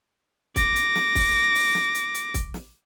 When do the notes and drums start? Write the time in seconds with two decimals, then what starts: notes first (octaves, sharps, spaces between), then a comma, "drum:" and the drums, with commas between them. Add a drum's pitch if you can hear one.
0.56 D6 A#6, drum: kick, hi-hat
0.76 drum: hi-hat
0.95 drum: snare
1.15 drum: kick, open hi-hat
1.55 drum: open hi-hat
1.75 drum: snare
1.95 drum: hi-hat
2.14 drum: hi-hat
2.34 drum: kick, hi-hat
2.54 drum: snare